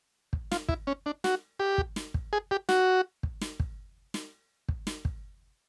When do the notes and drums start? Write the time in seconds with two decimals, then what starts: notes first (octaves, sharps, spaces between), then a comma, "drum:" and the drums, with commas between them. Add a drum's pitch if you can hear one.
0.33 drum: kick
0.52 F4, drum: snare
0.69 E4, drum: kick
0.87 C#4
1.06 D4
1.24 F#4, drum: snare
1.60 G4
1.78 drum: kick
1.96 drum: snare
2.14 drum: kick
2.33 G#4
2.51 G4
2.69 F#4, drum: snare
3.23 drum: kick
3.41 drum: snare
3.60 drum: kick
4.14 drum: snare
4.69 drum: kick
4.87 drum: snare
5.05 drum: kick